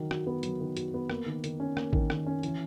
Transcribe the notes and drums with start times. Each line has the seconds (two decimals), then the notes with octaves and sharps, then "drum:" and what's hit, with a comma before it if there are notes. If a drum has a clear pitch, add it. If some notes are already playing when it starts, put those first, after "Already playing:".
Already playing: D#3 F#3
0.11 F#4, drum: rim click
0.27 B3
0.43 F#3, drum: hi-hat
0.60 D#3
0.77 F#4, drum: hi-hat
0.94 B3
1.10 A#3, drum: rim click
1.26 D#3
1.44 D#3, drum: hi-hat
1.60 C#4
1.77 A#3, drum: rim click
1.93 D#3, drum: kick A1
2.10 D#3, drum: rim click
2.27 C#4
2.43 E3, drum: hi-hat